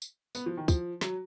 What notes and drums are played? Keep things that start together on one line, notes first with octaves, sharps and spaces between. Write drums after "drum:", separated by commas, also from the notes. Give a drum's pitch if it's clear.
drum: tambourine
B3, drum: tambourine
F3
D#3
F3, drum: kick, tambourine
F#3, drum: snare